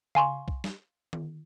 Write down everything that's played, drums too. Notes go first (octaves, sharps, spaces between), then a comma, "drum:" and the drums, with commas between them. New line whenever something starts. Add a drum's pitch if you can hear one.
F5 G#5 C6 C#6, drum: tom C#3
drum: kick B1
drum: snare
drum: tom D#3